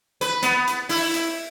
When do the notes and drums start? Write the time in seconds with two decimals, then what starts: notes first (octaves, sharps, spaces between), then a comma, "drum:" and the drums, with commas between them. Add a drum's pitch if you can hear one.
0.21 B4, drum: hi-hat
0.42 B3, drum: hi-hat
0.67 drum: hi-hat
0.89 E4, drum: open hi-hat
1.14 drum: hi-hat